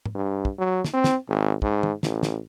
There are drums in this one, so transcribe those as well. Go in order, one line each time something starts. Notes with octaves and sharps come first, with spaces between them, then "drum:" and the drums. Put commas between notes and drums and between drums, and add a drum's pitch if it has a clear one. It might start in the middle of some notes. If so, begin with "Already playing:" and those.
drum: tom
G2
drum: kick
F#3
drum: snare
C4
drum: snare
G#1
G#2, drum: kick
drum: tom
A1, drum: snare
drum: snare